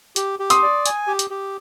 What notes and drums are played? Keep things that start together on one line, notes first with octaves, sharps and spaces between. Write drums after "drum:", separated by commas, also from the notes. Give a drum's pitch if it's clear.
G4, drum: hi-hat
G4
C6 D#6, drum: hi-hat
D5
G#5, drum: hi-hat
G4
drum: hi-hat
G4